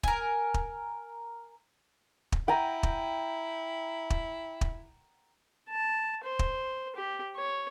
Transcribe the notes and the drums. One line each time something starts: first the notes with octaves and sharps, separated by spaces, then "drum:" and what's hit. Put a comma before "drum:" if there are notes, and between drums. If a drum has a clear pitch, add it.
A#4 G#5, drum: kick
drum: kick
drum: kick
E4 G5 G#5 A#5
drum: kick
drum: kick
drum: kick
A5
C5
drum: kick
G4
C#5